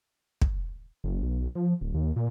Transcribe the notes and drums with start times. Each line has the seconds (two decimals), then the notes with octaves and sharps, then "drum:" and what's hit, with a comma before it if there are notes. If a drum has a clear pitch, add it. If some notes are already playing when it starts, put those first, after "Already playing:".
0.42 drum: kick
1.04 F#1
1.23 B1
1.55 F3
1.81 D1
1.94 D#2
2.16 A#2